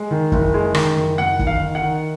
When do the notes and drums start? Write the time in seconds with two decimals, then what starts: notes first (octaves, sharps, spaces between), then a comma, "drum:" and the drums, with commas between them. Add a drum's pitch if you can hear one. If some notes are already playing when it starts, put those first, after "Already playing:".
Already playing: G#3
0.11 D#3
0.32 F#1, drum: kick
0.54 G#3
0.74 D#3, drum: rim click
0.96 F#1
1.18 F#1 F#5
1.39 D#3, drum: kick
1.47 F5
1.61 D#3
1.75 F#5
1.82 D#3